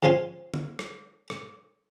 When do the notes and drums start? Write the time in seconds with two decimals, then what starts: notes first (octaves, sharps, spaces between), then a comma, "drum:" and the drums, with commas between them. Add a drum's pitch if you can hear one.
0.03 G#2 F3 C#4 F4 G#5 C6
0.54 drum: tom D3
0.79 drum: rim click
1.30 drum: rim click